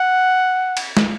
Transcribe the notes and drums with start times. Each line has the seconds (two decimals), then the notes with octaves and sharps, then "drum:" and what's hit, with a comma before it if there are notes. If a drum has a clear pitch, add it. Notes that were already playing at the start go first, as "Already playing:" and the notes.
Already playing: F#5
0.77 drum: cymbal
0.97 drum: snare